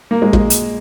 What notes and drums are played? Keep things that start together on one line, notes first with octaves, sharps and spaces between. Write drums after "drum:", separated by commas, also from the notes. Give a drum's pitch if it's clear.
A#3
G#3
G#3, drum: kick
drum: hi-hat